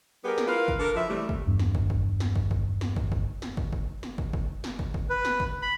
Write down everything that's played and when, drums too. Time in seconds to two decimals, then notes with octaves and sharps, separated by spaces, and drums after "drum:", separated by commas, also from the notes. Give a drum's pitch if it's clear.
0.24 G3 B3 G4 G#4 A#4
0.38 drum: snare
0.47 E4 F4 A#4 B4 F5
0.68 drum: kick
0.79 D4 A4 A#4
0.95 F2 F3 B4 E5
1.08 C3 E3 G3 A3
1.29 drum: kick
1.47 E2 G2
1.59 drum: snare
1.75 drum: kick
1.90 drum: kick
2.20 drum: snare
2.36 drum: kick
2.51 drum: kick
2.81 drum: snare
2.96 drum: kick
3.12 drum: kick
3.42 drum: snare
3.57 drum: kick
3.73 drum: kick
4.03 drum: snare
4.18 drum: kick
4.33 drum: kick
4.64 drum: snare
4.79 drum: kick
4.94 drum: kick
5.09 B4
5.25 drum: snare
5.40 drum: kick
5.62 B5